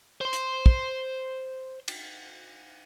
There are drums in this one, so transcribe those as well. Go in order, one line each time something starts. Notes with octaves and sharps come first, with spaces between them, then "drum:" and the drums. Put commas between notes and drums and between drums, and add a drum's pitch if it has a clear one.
C5 C6
drum: hi-hat
drum: kick
drum: cymbal